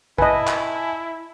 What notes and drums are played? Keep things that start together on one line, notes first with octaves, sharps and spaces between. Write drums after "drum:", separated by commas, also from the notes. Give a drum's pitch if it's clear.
E4 B4 D#5 G#5 A5 B5, drum: kick
drum: clap